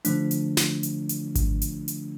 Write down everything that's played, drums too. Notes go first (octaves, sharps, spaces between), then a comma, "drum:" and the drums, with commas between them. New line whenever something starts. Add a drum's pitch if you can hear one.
D3 F3 A3 D4, drum: hi-hat
drum: hi-hat
drum: snare
drum: hi-hat
drum: hi-hat
drum: kick G#1, hi-hat
drum: hi-hat
drum: hi-hat